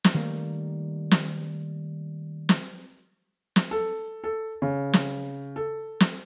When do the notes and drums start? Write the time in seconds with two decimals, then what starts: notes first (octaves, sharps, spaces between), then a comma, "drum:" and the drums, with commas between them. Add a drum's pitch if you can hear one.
0.04 drum: snare
0.15 D#3 G3 A3 A#3
1.11 drum: snare
2.49 drum: snare
3.56 drum: snare
3.71 A4
4.24 A4
4.62 C#3
4.93 drum: snare
5.56 A4
6.00 drum: snare